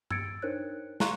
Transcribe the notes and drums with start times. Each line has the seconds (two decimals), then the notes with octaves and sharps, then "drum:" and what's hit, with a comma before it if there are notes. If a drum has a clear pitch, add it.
0.11 E6 G#6 A6 C#7 D7, drum: tom G2
0.42 D4 D#4 A#4 C5 C#5 F#6
1.00 F5 A#5 C6 C#6 F#6, drum: snare